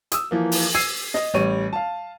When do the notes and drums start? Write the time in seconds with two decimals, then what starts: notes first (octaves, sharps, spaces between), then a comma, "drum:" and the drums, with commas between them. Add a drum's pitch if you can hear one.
0.12 D#6 E6, drum: hi-hat
0.31 E3 F3 A#3
0.52 drum: open hi-hat
0.75 E6 G#6 C7 D#7
1.14 D#5, drum: snare
1.34 A1 G3 C#5 D#7
1.73 F5 A5